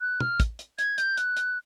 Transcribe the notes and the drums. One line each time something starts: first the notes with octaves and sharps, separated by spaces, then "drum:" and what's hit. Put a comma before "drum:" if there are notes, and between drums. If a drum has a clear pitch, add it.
F#6
F6, drum: tom
drum: kick, hi-hat
drum: hi-hat
G#6, drum: hi-hat
G6, drum: hi-hat
F#6, drum: hi-hat
drum: hi-hat